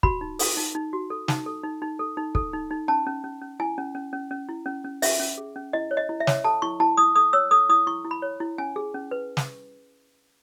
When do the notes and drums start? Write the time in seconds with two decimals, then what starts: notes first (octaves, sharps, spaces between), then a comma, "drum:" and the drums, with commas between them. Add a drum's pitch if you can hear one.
0.03 F#4 B5, drum: kick
0.21 D#4
0.39 A4, drum: open hi-hat
0.57 D#4
0.75 D#4
0.93 F#4
1.10 A4
1.28 D#4, drum: snare
1.46 A4
1.63 D#4
1.82 D#4
1.99 A4
2.17 D#4
2.35 A4, drum: kick
2.53 D#4
2.71 D#4
2.88 C#4 A5
3.07 C#4
3.24 C#4
3.41 C#4
3.60 E4 G#5
3.78 C#4
3.95 C#4
4.13 C#4
4.31 C#4
4.49 E4
4.66 C#4
4.84 C#4
5.02 C#4 E5, drum: open hi-hat
5.20 C#4
5.38 G#4
5.56 C#4
5.73 E4 D#5
5.91 C#5
5.97 D#5
6.09 E4
6.20 E5
6.27 C#5, drum: snare
6.44 A4 A5
6.62 E4 C#6
6.80 E4 A5
6.97 E4 D#6
7.16 A4 D#6
7.33 C#5 E6
7.51 A4 D#6
7.69 E4 D#6
7.87 E4 C#6
8.05 E4
8.11 B5
8.22 C#5
8.40 E4
8.58 C#4 G#5
8.76 G#4
8.94 C#4
9.11 B4
9.37 drum: snare